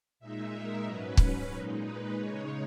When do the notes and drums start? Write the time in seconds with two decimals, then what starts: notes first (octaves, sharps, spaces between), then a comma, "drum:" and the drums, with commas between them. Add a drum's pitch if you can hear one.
0.20 A#2 G#3 D#4 E5
0.52 A#4
0.85 G#2 F#3 C#4 B4
1.17 B4, drum: kick
1.50 A#2 G#3 D#4
1.82 B4
2.15 C#3 G#3 D#4 C#5